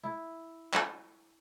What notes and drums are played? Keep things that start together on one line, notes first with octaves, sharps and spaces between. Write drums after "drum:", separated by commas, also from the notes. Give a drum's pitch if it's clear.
E4
drum: clap